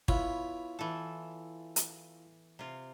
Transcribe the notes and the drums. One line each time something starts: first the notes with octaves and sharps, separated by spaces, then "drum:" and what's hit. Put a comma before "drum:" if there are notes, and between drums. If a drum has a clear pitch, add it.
B3 E4 F4 C#5, drum: kick
E3 A4
drum: hi-hat
C3 F4